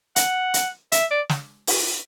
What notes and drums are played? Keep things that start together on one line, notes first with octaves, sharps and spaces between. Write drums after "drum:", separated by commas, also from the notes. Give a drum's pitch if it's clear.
F#5, drum: hi-hat
drum: hi-hat
E5, drum: hi-hat
D5
drum: snare
drum: open hi-hat